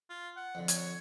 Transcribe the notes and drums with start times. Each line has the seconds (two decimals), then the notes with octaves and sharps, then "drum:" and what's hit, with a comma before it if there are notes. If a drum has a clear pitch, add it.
0.10 F4
0.37 F#5
0.55 F2 D3
0.68 C#5, drum: hi-hat